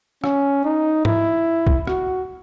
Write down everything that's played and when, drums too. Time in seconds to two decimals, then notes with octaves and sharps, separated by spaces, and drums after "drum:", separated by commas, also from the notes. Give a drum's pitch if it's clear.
0.24 C#4, drum: rim click
0.65 D#4
1.05 E4, drum: tom G#2
1.67 drum: kick B1
1.87 F#4, drum: rim click